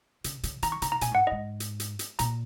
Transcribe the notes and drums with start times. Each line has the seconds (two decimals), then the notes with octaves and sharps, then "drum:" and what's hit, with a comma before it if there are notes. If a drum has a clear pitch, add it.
0.24 C#3, drum: hi-hat
0.43 C#3, drum: hi-hat
0.62 D#3 A#5, drum: hi-hat
0.72 C#6
0.82 C#3 A#5, drum: hi-hat
0.92 A#5
1.01 A#2 G#5, drum: hi-hat
1.11 G#2
1.15 F#5
1.27 G#2 D#5
1.60 drum: hi-hat
1.80 drum: hi-hat
1.99 drum: hi-hat
2.19 A#2 A#5, drum: hi-hat